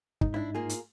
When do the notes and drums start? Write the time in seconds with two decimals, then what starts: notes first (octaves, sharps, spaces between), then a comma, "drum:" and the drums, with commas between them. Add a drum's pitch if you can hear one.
0.21 G#2 D#4, drum: kick
0.34 D4 E4
0.55 A#3 F4 G#4
0.69 drum: hi-hat